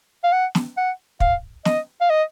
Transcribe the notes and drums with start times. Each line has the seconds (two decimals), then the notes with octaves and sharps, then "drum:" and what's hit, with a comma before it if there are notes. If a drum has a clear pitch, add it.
0.24 F5
0.32 F#5
0.55 drum: snare
0.77 F#5
1.20 F5, drum: kick
1.65 D#5, drum: snare
2.01 F5
2.10 D#5